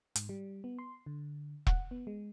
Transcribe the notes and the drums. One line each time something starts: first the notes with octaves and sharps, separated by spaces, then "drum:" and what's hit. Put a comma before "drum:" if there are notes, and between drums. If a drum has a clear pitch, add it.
G#2, drum: hi-hat
G3
B3
C6
D3
F#5, drum: kick E1
B3
G#3